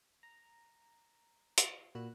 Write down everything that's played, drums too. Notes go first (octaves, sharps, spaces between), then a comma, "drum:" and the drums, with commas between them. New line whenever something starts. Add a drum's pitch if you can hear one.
A#5
drum: hi-hat
A#2 F#4 B4 E6 F#6